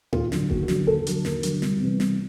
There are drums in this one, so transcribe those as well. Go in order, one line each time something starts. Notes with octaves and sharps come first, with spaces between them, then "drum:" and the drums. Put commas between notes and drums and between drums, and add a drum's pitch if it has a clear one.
D#2 F4, drum: tom A2
D3 F#3, drum: snare
D#2 F#4, drum: kick F#1
F#4
D3 F#3, drum: snare
D#2 A4
D3 F#3, drum: hi-hat
D#2 A#4, drum: snare
D3 F#3, drum: hi-hat
C2, drum: snare
C3 E3 G3 B3
C2, drum: snare